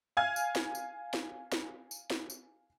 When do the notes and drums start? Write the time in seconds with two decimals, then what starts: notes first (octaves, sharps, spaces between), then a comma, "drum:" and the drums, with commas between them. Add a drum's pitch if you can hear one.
0.17 F5 G#5 F6 G#6
0.36 drum: tambourine
0.55 drum: snare
0.75 drum: tambourine
1.14 drum: snare
1.52 drum: snare
1.91 drum: tambourine
2.10 drum: snare
2.30 drum: tambourine